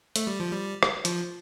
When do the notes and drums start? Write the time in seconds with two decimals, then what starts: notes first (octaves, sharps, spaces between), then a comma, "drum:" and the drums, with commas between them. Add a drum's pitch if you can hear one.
0.16 A3, drum: hi-hat
0.27 G3
0.40 F3
0.52 G3
0.83 drum: rim click
1.05 F3, drum: hi-hat